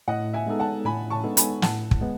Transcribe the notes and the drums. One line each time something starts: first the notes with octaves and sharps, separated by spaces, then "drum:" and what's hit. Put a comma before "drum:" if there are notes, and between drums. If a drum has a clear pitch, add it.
A2 D#5 F#5
E5 G#5
G#3 B3 D#4 A4
F#5 A5
A2 G#5 B5
A5 C#6
G#3 B3 D#4 A4
G#5 B5, drum: hi-hat
A2 F#5 A5, drum: snare
drum: kick
G#3 B3